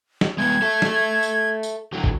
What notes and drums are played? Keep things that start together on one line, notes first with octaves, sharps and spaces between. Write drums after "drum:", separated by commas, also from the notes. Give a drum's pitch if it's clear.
drum: snare
G#3 B3 G#6
A4 E5
drum: snare
drum: tambourine
drum: tambourine
D3 F#3
drum: kick